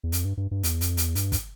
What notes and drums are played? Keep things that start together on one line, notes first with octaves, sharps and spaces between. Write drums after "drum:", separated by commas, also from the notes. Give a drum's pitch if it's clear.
E2
F2, drum: hi-hat
G2
G2
G2
E2, drum: hi-hat
F2, drum: hi-hat
E2, drum: hi-hat
G2, drum: hi-hat
drum: kick, hi-hat